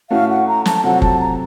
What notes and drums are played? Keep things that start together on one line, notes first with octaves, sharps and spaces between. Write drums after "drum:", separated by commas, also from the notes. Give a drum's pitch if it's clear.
A2 A3 C#4 F#4 A4 F5
F#5
A#5
A5, drum: snare
C3 F#3 C4 F4 A4 F#5
A5, drum: kick F#1
A#5